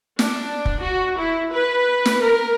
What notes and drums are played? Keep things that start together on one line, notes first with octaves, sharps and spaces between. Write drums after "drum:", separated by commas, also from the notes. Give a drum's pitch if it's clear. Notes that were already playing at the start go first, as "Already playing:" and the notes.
D4, drum: snare
drum: kick
F#4
E4
B4
drum: snare
A#4